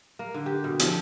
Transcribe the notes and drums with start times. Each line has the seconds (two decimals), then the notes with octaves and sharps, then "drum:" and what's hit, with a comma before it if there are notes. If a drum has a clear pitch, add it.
0.19 A#3
0.34 D3
0.46 G4
0.64 B2
0.79 F3, drum: hi-hat